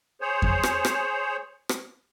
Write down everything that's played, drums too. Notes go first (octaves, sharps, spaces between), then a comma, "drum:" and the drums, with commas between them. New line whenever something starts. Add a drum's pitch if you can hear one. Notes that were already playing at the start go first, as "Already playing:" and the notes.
G#4 C5 C#5
drum: kick F2
drum: rim click
drum: rim click
drum: rim click